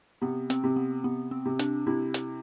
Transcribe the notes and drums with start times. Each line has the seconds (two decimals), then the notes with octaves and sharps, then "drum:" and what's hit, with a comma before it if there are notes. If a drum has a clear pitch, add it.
0.21 C3 B3
0.50 C4, drum: hi-hat
0.64 C3
0.76 B3
1.04 C3 B3
1.31 C4
1.45 C3
1.59 D4, drum: hi-hat
1.86 C3 E4
2.14 drum: hi-hat